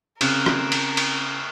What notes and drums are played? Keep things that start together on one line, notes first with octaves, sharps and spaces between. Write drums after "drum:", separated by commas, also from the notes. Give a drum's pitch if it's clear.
C#3 C4 A#4 F6 F#6 E7, drum: cymbal
drum: rim click
drum: cymbal
drum: cymbal